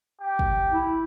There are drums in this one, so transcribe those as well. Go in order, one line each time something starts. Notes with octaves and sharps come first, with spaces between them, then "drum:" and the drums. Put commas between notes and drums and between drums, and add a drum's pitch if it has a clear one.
G4
drum: kick
E4